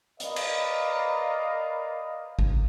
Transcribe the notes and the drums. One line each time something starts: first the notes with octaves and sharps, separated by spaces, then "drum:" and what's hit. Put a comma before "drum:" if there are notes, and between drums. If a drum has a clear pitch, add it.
A#4 B4 D5 D#5 F5, drum: hi-hat
drum: cymbal
drum: kick G#1